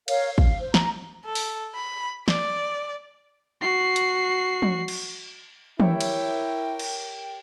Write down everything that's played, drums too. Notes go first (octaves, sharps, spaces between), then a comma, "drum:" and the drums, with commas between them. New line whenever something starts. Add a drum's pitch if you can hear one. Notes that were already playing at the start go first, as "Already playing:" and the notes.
A#4 C#5 F5, drum: cymbal
F5, drum: kick
C5
A#5, drum: snare
A4
drum: open hi-hat
B5
D5, drum: snare
F#4 C7
drum: hi-hat
drum: tom
drum: cymbal
E4 G4 A#4 C#5 E5 G5, drum: tom
drum: cymbal
drum: cymbal